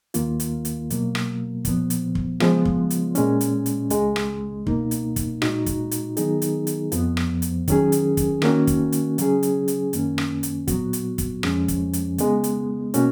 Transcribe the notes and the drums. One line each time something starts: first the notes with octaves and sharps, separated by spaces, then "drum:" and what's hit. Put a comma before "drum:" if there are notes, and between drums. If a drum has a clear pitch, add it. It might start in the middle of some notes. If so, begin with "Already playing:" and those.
D#2 D#3 A#3 F4, drum: hi-hat
drum: hi-hat
drum: hi-hat
B2 F#3 A#3, drum: hi-hat
drum: rim click
A#2 F3 B3, drum: kick, hi-hat
drum: hi-hat
drum: kick
C#3 F3 G#3 B3 F4, drum: rim click
drum: kick
drum: hi-hat
A#2 G#3 C#4, drum: hi-hat
drum: hi-hat
drum: hi-hat
C#2 C#3 G#3, drum: hi-hat
drum: rim click
C#2 B2 A#3 D#4, drum: kick
drum: hi-hat
drum: kick, hi-hat
A#2 G#3 D#4 F#4, drum: rim click
drum: kick, hi-hat
drum: hi-hat
D#3 F#3 B3 D#4 G#4, drum: hi-hat
drum: hi-hat
drum: hi-hat
F2 F3 B3, drum: hi-hat
drum: rim click
drum: hi-hat
D#3 F#3 C#4 G#4, drum: kick, hi-hat
drum: hi-hat
drum: kick, hi-hat
D#3 A#3 C#4 F#4, drum: rim click
drum: kick, hi-hat
drum: hi-hat
C#3 F#3 C#4 G#4, drum: hi-hat
drum: hi-hat
drum: hi-hat
F#2 D#3 A#3 C#4, drum: hi-hat
drum: rim click
drum: hi-hat
A#2 F#3 B3 F#4, drum: kick, hi-hat
drum: hi-hat
drum: kick, hi-hat
F2 F3 G#3 C#4, drum: rim click
drum: kick, hi-hat
drum: hi-hat
C#3 G#3 B3, drum: hi-hat
drum: hi-hat
B2 A#3 C#4 F#4, drum: hi-hat